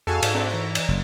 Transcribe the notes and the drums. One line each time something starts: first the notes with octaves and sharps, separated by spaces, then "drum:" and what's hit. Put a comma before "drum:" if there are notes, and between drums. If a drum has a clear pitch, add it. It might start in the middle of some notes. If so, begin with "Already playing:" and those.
F2 F#4 G#4 A4 F5 G#5 A5
G#2, drum: cymbal
A3 C4 D4
E3 A#5
drum: cymbal
F#1